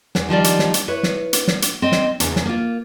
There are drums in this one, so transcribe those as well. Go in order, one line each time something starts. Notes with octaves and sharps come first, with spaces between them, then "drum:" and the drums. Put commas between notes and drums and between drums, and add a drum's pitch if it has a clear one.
E2, drum: snare
D#3 F3 G3 D5
drum: hi-hat
drum: snare
drum: hi-hat
E4 B4 C#5
drum: snare
drum: hi-hat
drum: snare
drum: hi-hat
C4 D#5
drum: snare
E2 C#3, drum: hi-hat
drum: snare
A#3 F4